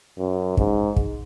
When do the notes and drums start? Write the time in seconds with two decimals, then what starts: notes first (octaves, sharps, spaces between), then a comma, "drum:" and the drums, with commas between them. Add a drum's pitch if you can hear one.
0.18 F#2
0.57 G#2, drum: kick
0.96 drum: kick